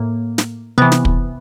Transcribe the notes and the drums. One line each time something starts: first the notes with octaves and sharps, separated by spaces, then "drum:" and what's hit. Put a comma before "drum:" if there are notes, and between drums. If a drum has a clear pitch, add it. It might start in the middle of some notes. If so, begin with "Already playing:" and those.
Already playing: A2 A#3
drum: snare
C3 E3 B3
drum: snare
drum: kick